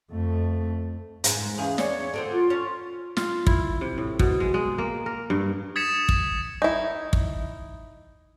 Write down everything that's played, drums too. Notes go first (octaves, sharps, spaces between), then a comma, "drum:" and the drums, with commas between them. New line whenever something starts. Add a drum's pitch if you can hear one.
F2 A3
G#2, drum: hi-hat
E2 E3 C#4 G#4 F5
C#5 D5, drum: snare
D3 C4 C5
F4
C#4
F4, drum: snare
E4, drum: kick
C3
A2
B2, drum: kick
G#3
G#3
A#3
A#4
G2
D#6 G#6 A6 B6 C#7 E7
drum: kick
D#4 E4
drum: kick